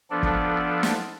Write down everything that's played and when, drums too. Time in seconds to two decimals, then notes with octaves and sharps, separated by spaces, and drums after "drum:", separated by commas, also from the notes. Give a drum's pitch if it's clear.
0.11 F3 B3 D4 A4 D5
0.23 drum: kick
0.83 drum: snare